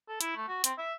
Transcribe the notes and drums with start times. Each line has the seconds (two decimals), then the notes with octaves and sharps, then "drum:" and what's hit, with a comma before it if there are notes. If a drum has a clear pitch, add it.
0.08 A4
0.21 E4, drum: hi-hat
0.36 A3
0.48 F#4
0.64 C4, drum: hi-hat
0.78 E5